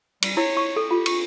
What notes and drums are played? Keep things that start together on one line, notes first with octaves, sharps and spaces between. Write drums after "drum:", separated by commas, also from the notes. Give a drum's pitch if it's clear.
G3, drum: cymbal
E4 C#5
C#6
A4
F4 G4
C#6, drum: cymbal